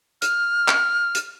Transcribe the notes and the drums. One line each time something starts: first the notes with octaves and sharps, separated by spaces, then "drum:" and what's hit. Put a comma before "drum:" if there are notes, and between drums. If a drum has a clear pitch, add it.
F6, drum: hi-hat
drum: clap
drum: hi-hat